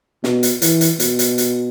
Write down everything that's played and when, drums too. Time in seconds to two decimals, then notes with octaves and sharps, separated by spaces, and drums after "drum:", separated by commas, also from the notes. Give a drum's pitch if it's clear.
0.24 B2, drum: snare
0.43 drum: hi-hat
0.62 E3, drum: hi-hat
0.81 drum: hi-hat
1.00 B2, drum: hi-hat
1.19 drum: hi-hat
1.38 drum: hi-hat